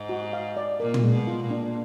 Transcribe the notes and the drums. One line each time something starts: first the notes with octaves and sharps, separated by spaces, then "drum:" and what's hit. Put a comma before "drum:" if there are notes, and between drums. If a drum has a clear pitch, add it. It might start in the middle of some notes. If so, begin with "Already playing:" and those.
Already playing: G#2
F#4
F5
D5
A#2 A#4
drum: tom A#2
G#3
B2
F4
A#2
D4